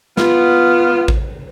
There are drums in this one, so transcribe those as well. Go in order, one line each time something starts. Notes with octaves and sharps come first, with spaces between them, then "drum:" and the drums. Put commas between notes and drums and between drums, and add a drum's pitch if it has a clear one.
B3 F4, drum: snare
drum: kick A1